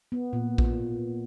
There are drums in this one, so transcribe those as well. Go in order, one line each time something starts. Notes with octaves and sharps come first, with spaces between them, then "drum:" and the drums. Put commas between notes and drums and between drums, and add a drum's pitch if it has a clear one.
B3
A#2
drum: kick A#1